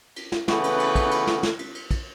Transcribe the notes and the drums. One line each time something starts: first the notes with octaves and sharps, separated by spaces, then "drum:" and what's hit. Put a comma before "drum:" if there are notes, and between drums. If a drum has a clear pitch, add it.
drum: cymbal
drum: snare
C#3 E3 A3 B3 F#4 B4, drum: snare
drum: cymbal
drum: cymbal
drum: kick, cymbal
drum: cymbal
drum: snare
drum: snare
drum: cymbal
drum: cymbal
drum: kick, cymbal